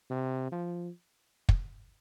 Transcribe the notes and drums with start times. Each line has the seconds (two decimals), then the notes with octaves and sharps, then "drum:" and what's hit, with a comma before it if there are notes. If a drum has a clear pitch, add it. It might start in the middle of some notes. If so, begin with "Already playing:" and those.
0.10 C3
0.52 F3
1.49 drum: kick